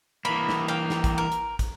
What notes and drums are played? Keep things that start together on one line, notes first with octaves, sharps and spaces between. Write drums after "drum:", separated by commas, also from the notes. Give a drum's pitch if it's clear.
E3 A#3 B5
drum: snare
F5 G5
drum: snare
drum: kick, hi-hat
A#4
drum: hi-hat
drum: kick, hi-hat